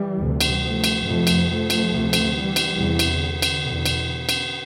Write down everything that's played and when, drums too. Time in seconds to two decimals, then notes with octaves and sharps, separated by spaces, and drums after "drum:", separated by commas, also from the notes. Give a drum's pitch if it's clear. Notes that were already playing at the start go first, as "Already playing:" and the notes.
Already playing: E3 G3
0.18 D2 C3
0.41 drum: cymbal
0.62 F3 A3
0.84 drum: cymbal
1.05 F2 C3 F3 A3
1.27 drum: cymbal
1.48 F3 A3
1.70 drum: cymbal
1.92 D2 C3
2.13 drum: cymbal
2.35 E3 G3
2.56 drum: cymbal
2.78 E2 C3 E3
2.99 drum: cymbal
3.21 D3
3.42 drum: cymbal
3.64 E2 B2
3.86 drum: cymbal
4.29 drum: cymbal